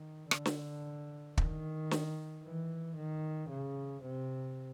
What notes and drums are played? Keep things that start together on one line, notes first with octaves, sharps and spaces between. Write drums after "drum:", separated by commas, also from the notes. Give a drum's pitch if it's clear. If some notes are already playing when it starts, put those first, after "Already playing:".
Already playing: D#3
D3, drum: rim click
drum: snare
D#3, drum: kick
drum: snare
E3
D#3
C#3
C3